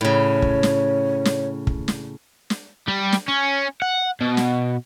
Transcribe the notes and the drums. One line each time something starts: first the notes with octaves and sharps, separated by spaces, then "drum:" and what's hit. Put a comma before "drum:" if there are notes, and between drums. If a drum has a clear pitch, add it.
A2 C#3 C#5
drum: kick
drum: snare
drum: snare
drum: kick
drum: snare
drum: snare
G3
drum: snare
C#4
F#5
B2
drum: snare